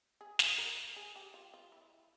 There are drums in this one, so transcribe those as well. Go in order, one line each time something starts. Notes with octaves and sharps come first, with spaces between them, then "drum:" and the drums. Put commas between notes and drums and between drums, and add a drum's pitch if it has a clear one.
G#4
drum: snare
A#4
G#4
G4
F4
F4
E4